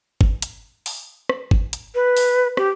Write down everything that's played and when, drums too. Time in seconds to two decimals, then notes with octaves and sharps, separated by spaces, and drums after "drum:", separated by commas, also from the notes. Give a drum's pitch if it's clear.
0.21 drum: kick
0.42 drum: hi-hat
0.86 drum: open hi-hat
1.29 drum: rim click
1.51 drum: kick
1.73 drum: hi-hat
1.95 B4
2.17 drum: open hi-hat
2.57 G4, drum: rim click